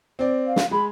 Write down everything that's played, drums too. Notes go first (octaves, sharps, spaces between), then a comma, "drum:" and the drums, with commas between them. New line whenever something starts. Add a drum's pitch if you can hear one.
C4 D5
F5
drum: snare
G#3 B5